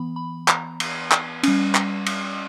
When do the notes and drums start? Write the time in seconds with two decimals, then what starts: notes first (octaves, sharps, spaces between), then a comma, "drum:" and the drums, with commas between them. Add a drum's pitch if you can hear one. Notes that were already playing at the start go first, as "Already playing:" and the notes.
Already playing: E3 B3 B5
0.16 B5
0.48 A#5, drum: clap
0.80 drum: cymbal
1.12 drum: clap
1.43 G3 C#4, drum: cymbal
1.75 drum: clap
2.06 drum: cymbal